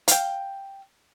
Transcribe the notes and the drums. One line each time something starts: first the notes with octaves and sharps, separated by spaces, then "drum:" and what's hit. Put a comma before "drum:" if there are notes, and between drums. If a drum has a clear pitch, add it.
F5 G5, drum: hi-hat